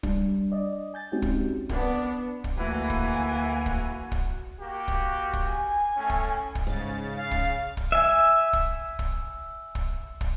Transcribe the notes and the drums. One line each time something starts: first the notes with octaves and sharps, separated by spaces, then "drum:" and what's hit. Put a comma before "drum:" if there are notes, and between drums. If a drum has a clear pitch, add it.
G3 D4, drum: kick
D5 D#5
G#5 G6 A6
G#3 C4 C#4 D#4 F#4 G4
drum: kick
B3 D4, drum: kick
drum: kick
D2 E3 A#3 F#4 F#5 G#5
drum: kick
drum: kick
drum: kick
A#3 F#4 G4
drum: kick
drum: kick
G#5
A2 A3 C#4
drum: kick
drum: kick
G#2 C#3 A6
F5
drum: kick
drum: kick
E5 G#5
drum: kick
drum: kick
drum: kick
drum: kick